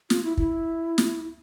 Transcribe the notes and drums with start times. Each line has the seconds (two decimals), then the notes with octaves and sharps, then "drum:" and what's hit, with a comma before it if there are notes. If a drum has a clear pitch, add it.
0.10 F4, drum: snare
0.24 E4
0.37 E4, drum: kick
0.98 drum: snare